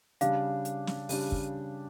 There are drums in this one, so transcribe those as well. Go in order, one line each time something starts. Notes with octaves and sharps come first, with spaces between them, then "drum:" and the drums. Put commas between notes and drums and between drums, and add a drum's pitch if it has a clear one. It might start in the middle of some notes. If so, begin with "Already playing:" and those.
C#3 G3 D4 G4 F5, drum: hi-hat
drum: hi-hat
drum: snare
C#3 G3 D4 G4, drum: open hi-hat
drum: kick